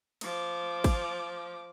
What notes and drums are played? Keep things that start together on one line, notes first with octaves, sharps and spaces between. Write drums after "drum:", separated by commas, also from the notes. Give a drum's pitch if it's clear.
F3 D6, drum: cymbal
drum: kick, cymbal